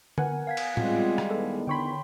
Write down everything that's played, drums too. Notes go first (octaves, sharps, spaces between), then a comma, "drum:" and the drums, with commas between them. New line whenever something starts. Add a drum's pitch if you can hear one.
B3 A#4 F#5 G#5, drum: tom D3
F5 G#6 B6
drum: cymbal
G3 G#3 C4 F4, drum: tom A2
drum: rim click
E2 D#3 B3 A4
D3 C#5 G5 B5 C6